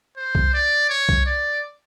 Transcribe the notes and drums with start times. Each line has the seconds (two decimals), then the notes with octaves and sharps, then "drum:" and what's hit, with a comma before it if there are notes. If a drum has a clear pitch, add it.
0.17 C5
0.35 drum: kick C2
0.54 D5
0.90 C#5
1.09 drum: kick C2
1.27 D5